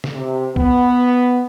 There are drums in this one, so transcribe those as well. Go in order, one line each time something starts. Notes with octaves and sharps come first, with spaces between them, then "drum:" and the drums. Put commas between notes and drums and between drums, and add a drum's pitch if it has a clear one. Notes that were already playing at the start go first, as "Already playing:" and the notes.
drum: snare
C3
B3, drum: kick